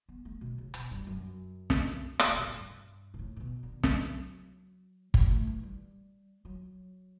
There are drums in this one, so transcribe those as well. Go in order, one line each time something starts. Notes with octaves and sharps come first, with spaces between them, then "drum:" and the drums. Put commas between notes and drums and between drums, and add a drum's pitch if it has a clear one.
B3
A3
B2
C#3
B2, drum: hi-hat
G2
F#2
drum: snare
D3, drum: rim click
C#3
B2
A2
G2
B2
A2
A2
B2
D3
F#3, drum: snare
G3, drum: kick G1
A3
E3
G3
F#3